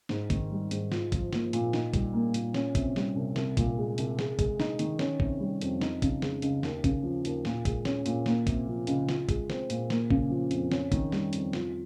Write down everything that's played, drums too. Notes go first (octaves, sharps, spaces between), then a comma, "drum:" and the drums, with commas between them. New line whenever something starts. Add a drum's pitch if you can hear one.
G#2, drum: snare
D#3, drum: kick, hi-hat
G3
G#2, drum: hi-hat
F4, drum: snare
F3, drum: kick, hi-hat
A#3, drum: snare
A#2, drum: hi-hat
D#4, drum: snare
G3, drum: kick, hi-hat
A#3
A#2, drum: hi-hat
C#4, drum: snare
C3, drum: kick, hi-hat
G3, drum: snare
C2
C2, drum: snare
A#2, drum: kick, hi-hat
G#3
C2, drum: hi-hat
G#4, drum: snare
G#3, drum: kick, hi-hat
D#4, drum: snare
D#3, drum: hi-hat
C#4, drum: snare
C3, drum: kick
G3
F2, drum: hi-hat
D#4, drum: snare
C#3, drum: kick, hi-hat
G#3, drum: snare
C#2, drum: hi-hat
D#2, drum: snare
C#3, drum: kick, hi-hat
F3
D#2, drum: hi-hat
A#2, drum: snare
G#3, drum: kick, hi-hat
C#4, drum: snare
A#2, drum: hi-hat
A#3, drum: snare
C3, drum: kick, hi-hat
F3
C#2, drum: hi-hat
F4, drum: snare
G#3, drum: kick, hi-hat
C4, drum: snare
A#2, drum: hi-hat
A#3, drum: snare
C#3, drum: kick
F3
F2, drum: hi-hat
C#4, drum: snare
D#3, drum: kick, hi-hat
G3, drum: snare
F2, drum: hi-hat
F4, drum: snare